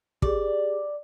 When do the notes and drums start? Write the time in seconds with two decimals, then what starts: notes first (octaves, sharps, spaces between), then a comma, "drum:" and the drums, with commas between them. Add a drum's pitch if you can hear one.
0.22 G4 G#4 D5, drum: kick